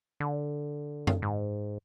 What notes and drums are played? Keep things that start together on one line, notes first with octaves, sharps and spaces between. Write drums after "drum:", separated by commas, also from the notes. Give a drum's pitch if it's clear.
D3
drum: tom F#2
G#2